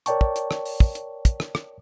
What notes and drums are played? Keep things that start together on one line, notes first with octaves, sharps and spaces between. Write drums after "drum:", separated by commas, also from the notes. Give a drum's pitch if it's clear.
A#4 C#5 D5 G5 A5 C#6, drum: hi-hat
drum: kick
drum: hi-hat
drum: rim click
drum: open hi-hat
drum: kick
drum: hi-hat
drum: kick, hi-hat
drum: rim click
drum: rim click